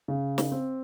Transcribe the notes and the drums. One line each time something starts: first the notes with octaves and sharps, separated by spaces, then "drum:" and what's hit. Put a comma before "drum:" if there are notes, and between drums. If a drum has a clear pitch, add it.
C#3
drum: snare
C4